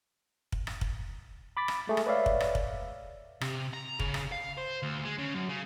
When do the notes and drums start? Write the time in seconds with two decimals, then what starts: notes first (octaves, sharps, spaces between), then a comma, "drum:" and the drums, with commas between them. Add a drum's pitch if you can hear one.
0.52 drum: kick
0.67 drum: rim click
0.81 drum: kick
1.57 B5 D6 A6 B6
1.68 drum: rim click
1.87 G#3 A3 G#4
1.97 drum: rim click
2.06 B4 C#5 D5 E5 F5
2.26 drum: kick
2.40 drum: rim click
2.55 drum: kick
3.41 C3, drum: rim click
3.74 A#5
4.00 C#3, drum: kick
4.14 drum: rim click
4.32 F5
4.58 C5
4.82 D2
5.05 G#3
5.19 C#3
5.35 F#2
5.49 C#3